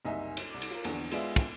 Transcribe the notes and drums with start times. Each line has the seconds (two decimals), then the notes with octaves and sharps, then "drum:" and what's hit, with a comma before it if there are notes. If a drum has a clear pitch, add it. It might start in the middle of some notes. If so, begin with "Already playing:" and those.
0.05 F#1 C2 D#4 D#5 E5 G#5
0.37 drum: cymbal
0.50 C2 D6
0.62 drum: cymbal
0.71 F4 A#4
0.84 A#1 E2 D3, drum: cymbal
1.11 G#3 B3 F4 G#4 D5 E5, drum: cymbal
1.36 drum: kick, cymbal